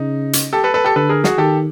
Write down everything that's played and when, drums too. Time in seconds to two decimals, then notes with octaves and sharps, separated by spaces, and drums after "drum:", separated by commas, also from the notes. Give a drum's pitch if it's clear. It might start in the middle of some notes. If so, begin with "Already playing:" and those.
Already playing: C#3 D#4
0.33 drum: hi-hat
0.53 G4 A4
0.64 A4 B4
0.74 A4 B4
0.84 G4 A4
0.96 D3 A4 B4
1.09 G#4 A#4
1.24 F#4 G#4, drum: snare
1.38 D#3 G4 A4